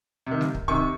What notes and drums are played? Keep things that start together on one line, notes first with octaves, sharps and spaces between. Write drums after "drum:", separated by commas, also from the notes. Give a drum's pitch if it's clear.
C3 D#3
drum: snare G3
drum: kick
C3 D#3 C#6, drum: kick